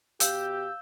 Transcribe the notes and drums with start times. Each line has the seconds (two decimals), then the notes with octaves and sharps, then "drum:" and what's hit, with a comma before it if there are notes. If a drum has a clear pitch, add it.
0.20 B2 G4 F5 E6 G6, drum: hi-hat